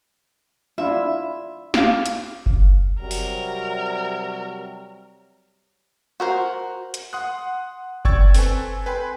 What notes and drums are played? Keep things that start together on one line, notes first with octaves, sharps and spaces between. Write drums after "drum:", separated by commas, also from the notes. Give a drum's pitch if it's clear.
D4 E4 F4 E5
F5 D6, drum: snare
drum: hi-hat
drum: kick F#1
C3 F#3 G3 A#4
drum: open hi-hat
F#4 A#4 C5
drum: hi-hat
F#5 C6 D#6 F#6
D5 G5 C#6 E6 G#6 A6, drum: kick F#1
C4 A4 B4 G#5, drum: open hi-hat
B4 G5 G#5 B5 C6